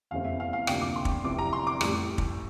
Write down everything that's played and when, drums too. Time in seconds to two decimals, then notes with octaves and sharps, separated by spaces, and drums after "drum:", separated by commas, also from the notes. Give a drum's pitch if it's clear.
0.11 F1 E2 E3 A3 C4 F5
0.25 E5
0.40 F5
0.53 F5
0.67 D2 C3 F3 A#3 D4 G5, drum: rim click
0.81 D6
0.96 C6
1.05 drum: kick
1.24 F1 F2 C3 E3 D6
1.39 A#5
1.53 C6
1.67 D6
1.81 A1 A2 G3, drum: rim click
2.18 drum: kick